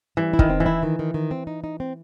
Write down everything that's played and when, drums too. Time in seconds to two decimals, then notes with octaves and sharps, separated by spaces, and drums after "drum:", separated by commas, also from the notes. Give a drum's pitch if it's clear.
0.17 E3 G3
0.34 E4
0.39 D#3, drum: kick
0.50 C4
0.60 E3
0.66 E4
0.83 D#3
0.99 D#3
1.14 D#3
1.31 C4
1.47 D#4
1.64 D#4
1.80 C4